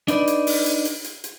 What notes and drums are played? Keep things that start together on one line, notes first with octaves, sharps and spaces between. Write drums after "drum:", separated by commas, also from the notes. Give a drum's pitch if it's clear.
D4 D#4 B4 D5, drum: hi-hat
drum: hi-hat
drum: open hi-hat
drum: hi-hat
drum: hi-hat
drum: hi-hat
drum: hi-hat